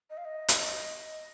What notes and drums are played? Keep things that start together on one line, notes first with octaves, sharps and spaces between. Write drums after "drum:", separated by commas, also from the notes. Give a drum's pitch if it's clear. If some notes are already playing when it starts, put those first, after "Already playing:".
D#5
F5
D#5
drum: hi-hat